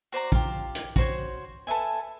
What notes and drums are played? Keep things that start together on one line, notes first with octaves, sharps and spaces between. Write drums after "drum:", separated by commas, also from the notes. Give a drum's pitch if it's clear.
F#4 C5 D5 A#5
F4 G4, drum: kick
drum: hi-hat
F#4 C5 C#5, drum: kick
A4 B4 E5 G#5